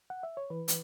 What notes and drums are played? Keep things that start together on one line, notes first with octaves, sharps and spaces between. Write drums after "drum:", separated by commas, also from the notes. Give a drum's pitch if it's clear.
F#5
E5
C#5
E3 B4
drum: hi-hat